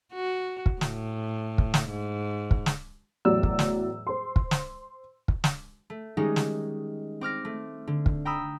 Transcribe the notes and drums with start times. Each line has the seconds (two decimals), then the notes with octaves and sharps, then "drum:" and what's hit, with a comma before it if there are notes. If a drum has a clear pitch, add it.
0.13 F#4
0.66 drum: kick
0.81 A2, drum: snare
1.58 drum: kick
1.74 drum: snare
1.90 G#2
2.51 drum: kick
2.66 drum: snare
3.25 E2 A2 F#3 D5 E6
3.43 drum: kick
3.59 drum: snare
4.07 C5 C6
4.36 drum: kick
4.51 drum: snare
5.28 drum: kick
5.44 drum: snare
5.90 A3
6.17 D#3 G3 G#3 C#4 D#4
6.36 drum: snare
7.21 C4 D6 F6 A#6
7.45 A3
7.87 D3
8.06 drum: kick
8.25 G5 A#5 B5 D#6 E6